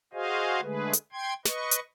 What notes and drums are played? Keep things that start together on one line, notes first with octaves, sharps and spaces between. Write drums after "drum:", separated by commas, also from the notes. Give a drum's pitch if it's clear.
F#4 G#4 C5 D#5 F5 G#5
D3 G#3 A3 G#4 B4
drum: hi-hat
G5 C6 G#6
B4 D#5 C#6, drum: snare
drum: hi-hat